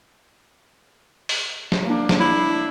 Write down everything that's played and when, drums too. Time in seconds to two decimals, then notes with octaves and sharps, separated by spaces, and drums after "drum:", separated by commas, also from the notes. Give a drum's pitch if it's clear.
1.29 drum: open hi-hat
1.72 drum: snare
1.82 A#3 D4
2.09 drum: snare
2.20 D4 E4